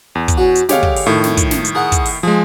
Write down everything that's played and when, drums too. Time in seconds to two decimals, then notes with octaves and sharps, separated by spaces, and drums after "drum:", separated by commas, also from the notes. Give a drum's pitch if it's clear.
0.15 E2
0.28 drum: kick, hi-hat
0.38 C#4 F#4
0.55 drum: hi-hat
0.69 D3 G#3 G4 C#5 F5, drum: snare
0.83 drum: kick
0.96 drum: open hi-hat
1.06 F2 A2 D#3 A3
1.24 drum: snare
1.37 drum: kick, hi-hat
1.51 drum: snare
1.65 drum: hi-hat
1.75 G#4 A#4 F#5
1.92 drum: kick, hi-hat
2.05 drum: open hi-hat
2.23 F3 G#3 G#4